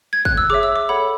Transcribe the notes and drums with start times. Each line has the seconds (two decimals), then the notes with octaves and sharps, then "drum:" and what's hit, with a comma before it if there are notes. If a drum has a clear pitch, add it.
0.13 G#6
0.25 F#6, drum: kick
0.37 E6
0.50 G#4 C#5 E5 D6
0.63 E6
0.76 D6
0.89 A4 C#5 F#5 B5